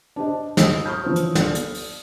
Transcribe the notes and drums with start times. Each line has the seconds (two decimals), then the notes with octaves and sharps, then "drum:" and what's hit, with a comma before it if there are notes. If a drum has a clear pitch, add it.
0.16 D4 G4 C5 D#5
0.57 D#5 D#6 E6, drum: snare
0.86 A#5 C#6 D#6 F6 G6
1.04 E3 F3 C5 C#5
1.16 drum: hi-hat
1.35 A4 D5, drum: snare
1.55 drum: hi-hat
1.74 drum: open hi-hat